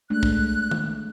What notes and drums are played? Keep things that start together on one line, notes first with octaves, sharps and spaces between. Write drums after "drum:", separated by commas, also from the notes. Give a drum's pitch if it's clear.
G#3 A3 D4 F#6
drum: kick
drum: tom